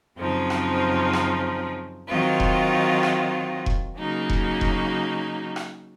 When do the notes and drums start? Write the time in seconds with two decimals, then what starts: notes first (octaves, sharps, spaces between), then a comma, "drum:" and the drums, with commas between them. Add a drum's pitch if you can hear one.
0.18 F#2 C#3 F3 C4 D#4
0.50 drum: rim click
1.13 drum: rim click
2.08 D#3 F#3 C4 F4
2.40 drum: kick E1
3.03 drum: rim click
3.66 drum: kick E1
3.98 C#3 F#3 A#3 D#4 F#4
4.30 drum: kick E1
4.61 drum: kick E1
5.56 drum: rim click